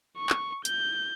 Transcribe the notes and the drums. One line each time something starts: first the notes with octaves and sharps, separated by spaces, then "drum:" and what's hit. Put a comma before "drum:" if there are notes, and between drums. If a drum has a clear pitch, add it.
C#6
drum: clap
G6, drum: hi-hat